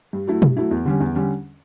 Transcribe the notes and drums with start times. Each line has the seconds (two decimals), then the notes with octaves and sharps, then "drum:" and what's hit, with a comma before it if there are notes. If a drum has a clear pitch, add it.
0.13 G2
0.27 F#3 A3 E4
0.42 G2, drum: tom B2
0.57 F#3 A3 E4
0.71 E2
0.85 D3 G3 C#4
1.00 E2
1.15 D3 G3 C#4